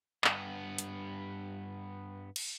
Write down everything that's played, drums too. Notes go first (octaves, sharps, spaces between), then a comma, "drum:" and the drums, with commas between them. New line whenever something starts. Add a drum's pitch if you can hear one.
G2 B3, drum: clap
drum: hi-hat
drum: cymbal